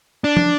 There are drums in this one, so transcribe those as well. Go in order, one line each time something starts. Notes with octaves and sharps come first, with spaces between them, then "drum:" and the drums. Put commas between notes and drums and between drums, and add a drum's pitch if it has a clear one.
D4
drum: tom